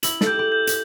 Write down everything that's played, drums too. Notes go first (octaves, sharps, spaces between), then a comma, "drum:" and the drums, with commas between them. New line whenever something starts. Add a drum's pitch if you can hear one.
E4 F#7, drum: hi-hat
A4, drum: snare
G4 G6
G4
G6
drum: hi-hat